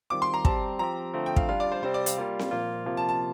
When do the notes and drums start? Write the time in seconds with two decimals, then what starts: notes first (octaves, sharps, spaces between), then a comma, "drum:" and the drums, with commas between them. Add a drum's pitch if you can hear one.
0.10 D#3 G3 C4 F4 D6
0.22 C6
0.34 A#5
0.45 G3 C4 G4 A5, drum: kick
0.79 F3 C4 G4 A#5
1.14 D3 F3 A3 C4
1.26 G5
1.36 F5, drum: kick
1.48 G3 D4 F4 F5
1.60 D5
1.71 C5
1.83 C3 G3 C4 C5
1.94 D5
2.06 F5, drum: hi-hat
2.18 G3 A#3 F4
2.39 drum: snare C4
2.51 A#2 F3 A#3 F4
2.86 C3 F3 A#3 F4
2.97 A5
3.09 A5